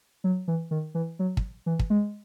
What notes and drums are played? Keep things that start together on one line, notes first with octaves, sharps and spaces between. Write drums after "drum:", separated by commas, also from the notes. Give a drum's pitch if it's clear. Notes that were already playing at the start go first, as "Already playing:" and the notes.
F#3
E3
D#3
E3
F#3
drum: kick
E3
drum: kick
G#3